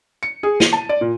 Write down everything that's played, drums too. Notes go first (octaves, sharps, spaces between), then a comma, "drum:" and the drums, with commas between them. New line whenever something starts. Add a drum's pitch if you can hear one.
C#7
G#4
D#7, drum: snare
A5
D5
A#2